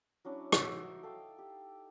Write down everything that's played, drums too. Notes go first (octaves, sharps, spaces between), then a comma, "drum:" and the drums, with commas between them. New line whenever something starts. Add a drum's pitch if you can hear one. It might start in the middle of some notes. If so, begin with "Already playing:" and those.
F#3 C#4 D4 E4
D#4 F#4 E5 D6, drum: rim click
A4 F5 G5
G4